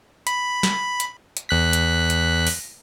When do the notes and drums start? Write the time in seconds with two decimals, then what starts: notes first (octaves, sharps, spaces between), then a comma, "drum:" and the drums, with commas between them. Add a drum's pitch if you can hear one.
0.27 B5, drum: hi-hat
0.63 drum: snare
1.00 drum: hi-hat
1.37 drum: hi-hat
1.49 E2 F#6 B6
1.73 drum: hi-hat
2.10 drum: hi-hat
2.47 drum: open hi-hat